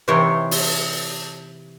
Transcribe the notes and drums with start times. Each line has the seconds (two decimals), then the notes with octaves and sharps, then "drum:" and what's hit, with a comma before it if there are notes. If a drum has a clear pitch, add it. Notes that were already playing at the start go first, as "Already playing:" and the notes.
0.08 C3 E3 D#4 C5 C#5 G5
0.51 drum: open hi-hat